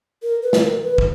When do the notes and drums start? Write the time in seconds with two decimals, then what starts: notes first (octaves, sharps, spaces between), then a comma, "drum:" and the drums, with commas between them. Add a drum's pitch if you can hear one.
0.23 A#4
0.43 B4
0.53 drum: snare
0.64 A#4
0.83 B4
0.98 drum: kick